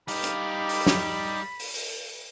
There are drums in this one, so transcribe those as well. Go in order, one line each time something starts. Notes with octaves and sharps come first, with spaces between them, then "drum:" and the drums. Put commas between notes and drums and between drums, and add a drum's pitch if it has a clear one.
G3 D#4 G4 F5 B5 D6, drum: open hi-hat
drum: hi-hat
drum: open hi-hat
drum: snare
drum: open hi-hat
drum: open hi-hat